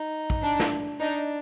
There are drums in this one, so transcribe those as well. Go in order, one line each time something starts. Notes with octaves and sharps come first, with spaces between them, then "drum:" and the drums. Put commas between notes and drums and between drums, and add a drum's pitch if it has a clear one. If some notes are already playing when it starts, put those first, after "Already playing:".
Already playing: D#4
drum: kick
D4
drum: snare
D4 D#4